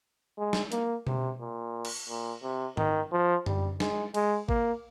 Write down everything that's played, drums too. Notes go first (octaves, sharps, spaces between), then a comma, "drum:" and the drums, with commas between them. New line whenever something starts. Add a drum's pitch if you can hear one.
G#3
drum: snare
A#3, drum: hi-hat
C3, drum: tom B2
A#2
drum: cymbal
A#2
C3
D#3, drum: tom G#2
F3
G3, drum: tom F#2
G#3, drum: snare
G#3, drum: cymbal
A#3, drum: kick G#1